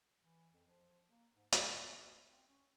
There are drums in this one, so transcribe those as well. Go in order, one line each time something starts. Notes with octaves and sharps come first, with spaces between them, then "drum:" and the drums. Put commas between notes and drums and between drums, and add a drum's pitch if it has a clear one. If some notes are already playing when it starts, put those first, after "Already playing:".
E3
F2
F3
A#3
G#2
A2, drum: hi-hat
A#2
D2
C4
C#4